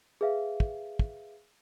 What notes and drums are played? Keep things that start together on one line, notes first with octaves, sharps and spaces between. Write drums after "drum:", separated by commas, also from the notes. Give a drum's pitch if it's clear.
G#4 B4 E5 F5
drum: kick
drum: kick